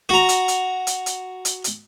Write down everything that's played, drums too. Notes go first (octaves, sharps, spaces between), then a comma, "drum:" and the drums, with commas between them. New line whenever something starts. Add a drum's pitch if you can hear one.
F#4 A#5
drum: hi-hat
drum: hi-hat
drum: hi-hat
drum: hi-hat
drum: hi-hat
drum: hi-hat